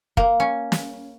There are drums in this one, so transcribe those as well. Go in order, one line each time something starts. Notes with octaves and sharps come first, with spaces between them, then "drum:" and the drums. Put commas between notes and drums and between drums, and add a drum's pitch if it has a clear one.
A#3, drum: kick
C#4
drum: snare